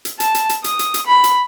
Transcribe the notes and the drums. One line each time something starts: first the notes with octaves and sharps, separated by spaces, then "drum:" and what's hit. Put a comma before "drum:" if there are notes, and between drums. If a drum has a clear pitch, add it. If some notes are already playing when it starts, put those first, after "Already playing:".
drum: hi-hat
A5, drum: hi-hat
drum: hi-hat
drum: hi-hat
D#6, drum: hi-hat
drum: hi-hat
drum: hi-hat
B5
drum: hi-hat